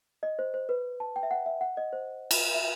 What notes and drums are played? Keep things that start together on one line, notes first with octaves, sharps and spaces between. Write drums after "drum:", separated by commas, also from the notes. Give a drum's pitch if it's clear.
D#5
C5
C5
B4
A5
G5
E5
F#5
E5
F#5
D#5
C5
drum: cymbal
E5